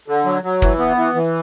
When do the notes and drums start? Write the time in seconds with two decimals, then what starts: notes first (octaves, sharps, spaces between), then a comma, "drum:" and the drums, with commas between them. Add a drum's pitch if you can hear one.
0.08 D3
0.25 F#3
0.44 F#3
0.62 E3, drum: kick
0.79 B3
0.97 E3
1.15 E3